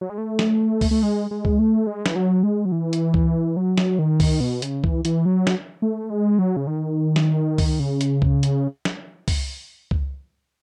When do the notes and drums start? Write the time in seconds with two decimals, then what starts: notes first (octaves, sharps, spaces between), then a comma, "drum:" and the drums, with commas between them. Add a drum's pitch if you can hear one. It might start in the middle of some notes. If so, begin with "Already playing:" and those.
0.01 F#3
0.10 G#3
0.18 A3
0.39 drum: snare
0.81 drum: kick C#2, open hi-hat
0.91 A3
1.03 G#3
1.31 G#3
1.45 drum: kick C#2
1.59 A3
1.87 G#3
2.06 E3, drum: snare
2.16 F#3
2.43 G#3
2.65 F#3
2.72 E3
2.93 drum: hi-hat
3.14 drum: kick C#2
3.57 F#3
3.78 drum: snare
3.99 D#3
4.20 drum: kick C#2, open hi-hat
4.40 B2
4.62 C#3, drum: hi-hat
4.84 E3, drum: kick C#2
5.05 E3, drum: hi-hat
5.26 F#3
5.47 drum: snare
5.82 A3
6.10 G#3
6.39 F#3
6.57 C#3
6.67 D#3
7.16 drum: snare
7.58 drum: kick C#2, open hi-hat
7.80 C#3
8.01 drum: hi-hat
8.22 drum: kick C#2
8.43 drum: hi-hat
8.85 drum: snare
9.28 drum: kick C#2, open hi-hat
9.91 drum: kick C#2